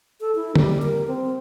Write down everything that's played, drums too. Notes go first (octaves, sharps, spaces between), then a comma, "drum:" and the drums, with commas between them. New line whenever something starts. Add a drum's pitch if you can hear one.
A4
E4
G3, drum: tom D3
A#4
C4